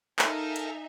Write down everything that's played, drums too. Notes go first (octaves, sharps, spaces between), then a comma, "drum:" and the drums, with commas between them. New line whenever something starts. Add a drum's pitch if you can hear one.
D#4 A4 A#4 E5 F5 G#5, drum: clap
drum: hi-hat